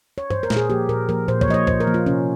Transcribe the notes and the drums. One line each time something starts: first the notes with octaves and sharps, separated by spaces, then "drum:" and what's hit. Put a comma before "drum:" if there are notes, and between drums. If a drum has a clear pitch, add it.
C#5
C5, drum: tom G2
A#4
A#2, drum: snare
G#4
F3 A#3 G4
A#2 A#4
F3 A#3 A#4
A#2 C5
C#5, drum: kick
F3 A#3 D#5
C#5
A#2 C5, drum: kick
A#4
F3 A#3
F4
C3 C#4